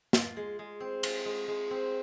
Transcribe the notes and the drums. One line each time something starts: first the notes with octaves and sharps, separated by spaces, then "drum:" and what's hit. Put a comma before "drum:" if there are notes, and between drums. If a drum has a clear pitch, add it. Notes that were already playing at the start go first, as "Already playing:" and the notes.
F4, drum: snare
G#3
G#3
C4
F4, drum: cymbal
G#3
G#3
C4